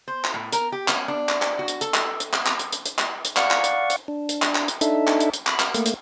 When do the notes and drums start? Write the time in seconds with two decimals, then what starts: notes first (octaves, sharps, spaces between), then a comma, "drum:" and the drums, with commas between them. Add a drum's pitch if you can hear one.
0.08 C5
0.25 drum: clap
0.34 A2
0.52 A#4, drum: hi-hat
0.72 G4
0.88 C#4, drum: clap
1.08 D4
1.29 drum: clap
1.42 drum: clap
1.59 F#4
1.68 drum: hi-hat
1.81 A4, drum: hi-hat
1.94 drum: clap
2.20 drum: hi-hat
2.33 drum: clap
2.46 drum: clap
2.59 drum: hi-hat
2.72 drum: hi-hat
2.86 drum: hi-hat
2.99 drum: clap
3.25 drum: hi-hat
3.37 D5 F5 F#5 C#6, drum: clap
3.51 drum: clap
3.64 drum: hi-hat
3.90 drum: hi-hat
4.08 D4
4.29 drum: hi-hat
4.42 drum: clap
4.55 drum: clap
4.68 drum: hi-hat
4.81 D4 D#4 A4 E5, drum: hi-hat
5.07 drum: clap
5.20 drum: hi-hat
5.34 drum: hi-hat
5.47 B5, drum: clap
5.60 drum: clap
5.74 A3 A#3, drum: hi-hat
5.86 drum: hi-hat